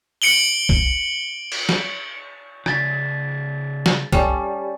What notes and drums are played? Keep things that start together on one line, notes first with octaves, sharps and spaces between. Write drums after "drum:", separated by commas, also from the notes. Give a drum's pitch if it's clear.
C#7 D7 F#7 G7
drum: kick B1
drum: cymbal
drum: snare
C#3 D#4 G#6 A6 B6, drum: rim click
drum: snare
G3 C#4 A4, drum: kick B1